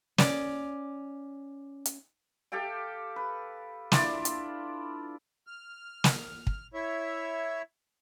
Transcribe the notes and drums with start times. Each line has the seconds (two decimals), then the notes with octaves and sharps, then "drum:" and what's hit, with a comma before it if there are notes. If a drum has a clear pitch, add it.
0.18 C#4 D5, drum: snare
1.86 drum: hi-hat
2.52 G4 A4 F5 G5
3.16 B4
3.92 D4 E4 F4 D5, drum: snare
4.25 drum: hi-hat
5.47 F6
6.04 drum: snare
6.47 drum: kick
6.74 E4 C#5 E5